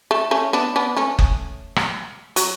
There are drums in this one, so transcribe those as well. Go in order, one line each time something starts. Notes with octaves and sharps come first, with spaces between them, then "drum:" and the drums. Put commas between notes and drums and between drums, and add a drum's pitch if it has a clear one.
A3
A3 C#4
B3 D4
B3 D4
A3 C#4
drum: kick F#1
drum: rim click
F#3, drum: hi-hat